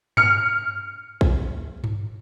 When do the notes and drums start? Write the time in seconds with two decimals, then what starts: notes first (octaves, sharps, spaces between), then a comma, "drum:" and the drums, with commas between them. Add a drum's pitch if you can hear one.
0.17 F6 C#7, drum: tom G2
1.21 drum: kick A#1
1.84 drum: tom G2